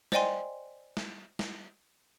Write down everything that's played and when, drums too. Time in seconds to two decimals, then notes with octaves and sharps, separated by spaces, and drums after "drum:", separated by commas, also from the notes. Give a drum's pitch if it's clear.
0.12 C5 D5 D#5 G5 G#5 C6, drum: snare
0.97 drum: snare
1.39 drum: snare